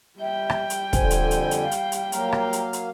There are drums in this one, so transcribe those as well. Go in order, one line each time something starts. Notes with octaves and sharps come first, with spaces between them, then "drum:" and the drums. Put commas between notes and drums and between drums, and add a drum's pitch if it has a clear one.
G3 E5 G5
drum: rim click
drum: hi-hat
F2 D3 C5 G#5, drum: kick, hi-hat
drum: hi-hat
drum: hi-hat
drum: hi-hat
F5
drum: hi-hat
drum: hi-hat
F#3 A#3 F5 A#5, drum: hi-hat
drum: rim click
drum: hi-hat
drum: hi-hat